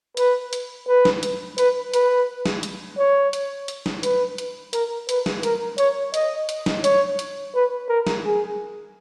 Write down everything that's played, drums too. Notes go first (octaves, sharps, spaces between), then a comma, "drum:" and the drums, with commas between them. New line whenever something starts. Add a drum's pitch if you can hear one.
B4, drum: hi-hat
drum: hi-hat
B4
drum: snare
drum: hi-hat
B4, drum: hi-hat
B4, drum: hi-hat
drum: snare
drum: hi-hat
C#5
drum: hi-hat
drum: hi-hat
drum: snare
B4, drum: hi-hat
drum: hi-hat
A#4, drum: hi-hat
B4, drum: hi-hat
drum: snare
A#4, drum: hi-hat
C#5, drum: hi-hat
D#5, drum: hi-hat
drum: hi-hat
drum: snare
C#5, drum: hi-hat
drum: hi-hat
B4
A#4
drum: snare
G#4